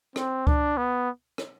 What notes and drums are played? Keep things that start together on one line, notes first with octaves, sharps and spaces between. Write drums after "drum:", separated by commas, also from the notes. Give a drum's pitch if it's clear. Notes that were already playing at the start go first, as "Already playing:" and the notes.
C4, drum: rim click
D4, drum: kick C#2
B3
drum: rim click